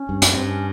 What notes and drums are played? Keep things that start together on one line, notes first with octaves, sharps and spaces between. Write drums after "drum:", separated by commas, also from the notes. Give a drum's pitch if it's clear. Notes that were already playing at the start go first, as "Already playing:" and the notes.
Already playing: C#4
G2
F#2, drum: hi-hat
G2 C4
C#4